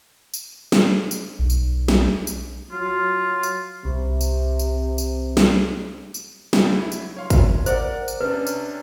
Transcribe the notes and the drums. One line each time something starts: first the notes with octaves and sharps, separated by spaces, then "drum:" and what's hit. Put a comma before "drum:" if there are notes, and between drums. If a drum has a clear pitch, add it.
drum: tambourine
drum: snare
drum: tambourine
B1
drum: tambourine
drum: snare
drum: tambourine
F#3 F4
drum: tambourine
C2 C3
drum: tambourine
drum: tambourine
drum: tambourine
drum: snare
drum: tambourine
C#2, drum: snare
F#3 E4
drum: tambourine
C#5 F5 C6
drum: kick, tambourine
A#4 C5 D5 F#5, drum: tambourine
drum: tambourine
C3 C#4 D4 B4
drum: tambourine